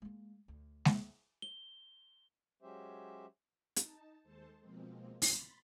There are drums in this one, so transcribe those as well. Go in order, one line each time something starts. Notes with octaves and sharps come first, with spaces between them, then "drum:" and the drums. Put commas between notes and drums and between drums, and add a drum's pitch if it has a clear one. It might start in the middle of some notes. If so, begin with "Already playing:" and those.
G#3 A#3
D2
drum: snare G#3
G7
F#3 G#3 C#4 G4 C5 E5
D#4 A5, drum: hi-hat
D#2 G#3 A4 C5 A5
B2 F3 G#3 A#3 C4
B5 C6 A6 B6, drum: open hi-hat